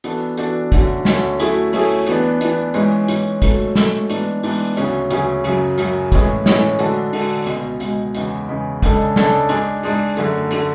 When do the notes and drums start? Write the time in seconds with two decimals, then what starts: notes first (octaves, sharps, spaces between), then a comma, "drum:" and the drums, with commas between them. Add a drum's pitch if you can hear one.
0.04 E3 B3 D4 F#4 A4, drum: hi-hat
0.37 E3 B3 D4 F#4 A4, drum: hi-hat
0.72 D2 D3 F#3 C#4, drum: kick, hi-hat
1.05 D2 D3 F#3 C#4, drum: snare
1.39 F#3 A3 C#4 E4 G#4, drum: hi-hat
1.73 F#3 A3 C#4 E4 G#4, drum: open hi-hat
2.07 E3 B3 D4, drum: hi-hat
2.41 E3 B3 D4, drum: hi-hat
2.74 G#2 E3 G#3 C#4, drum: hi-hat
3.08 G#2 E3 G#3 C#4, drum: hi-hat
3.42 G#2 F#3 A3 C#4, drum: kick, hi-hat
3.75 G#2 F#3 A3 C#4, drum: snare
4.10 G#2 E3 B3 D4, drum: hi-hat
4.43 G#2 E3 B3 D4, drum: open hi-hat
4.77 D2 C#3 F#3 C#4 G#4, drum: hi-hat
5.11 D2 C#3 F#3 C#4 G#4, drum: hi-hat
5.44 F#2 C#3 F#3, drum: hi-hat
5.78 F#2 C#3 F#3, drum: hi-hat
6.12 A2 E3 G#3 C#4 G#4, drum: kick, hi-hat
6.46 A2 E3 G#3 C#4 G#4, drum: snare
6.79 D3 G#3 D4 F#4 A4, drum: hi-hat
7.13 D3 G#3 D4 F#4 A4, drum: open hi-hat
7.47 C#2 B2 G#3, drum: hi-hat
7.80 C#2 B2 G#3, drum: hi-hat
8.14 E2 C#3 G#3, drum: hi-hat
8.48 E2 C#3 G#3
8.82 C#2 C#3 G#3 D4 A4, drum: kick, hi-hat
9.16 C#2 C#3 G#3 D4 A4, drum: snare
9.49 G#2 G#3 D4 G#4, drum: hi-hat
9.83 G#2 G#3 D4 G#4, drum: open hi-hat
10.17 F#2 D3 A3, drum: hi-hat
10.51 D3 A3, drum: hi-hat